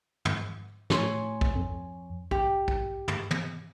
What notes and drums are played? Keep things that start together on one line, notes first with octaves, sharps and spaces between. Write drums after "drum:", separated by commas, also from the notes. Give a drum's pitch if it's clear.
drum: tom
A2 C#5 G#5 C6, drum: snare
drum: kick A#1
F2
G4, drum: kick A#1
drum: kick A#1
drum: tom
drum: tom